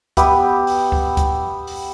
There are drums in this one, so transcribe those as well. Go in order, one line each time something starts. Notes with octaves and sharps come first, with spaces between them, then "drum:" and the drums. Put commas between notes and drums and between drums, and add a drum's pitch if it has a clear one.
B3 G4 E5, drum: kick C#2, hi-hat
drum: open hi-hat
drum: kick C#2
drum: kick C#2, hi-hat
drum: open hi-hat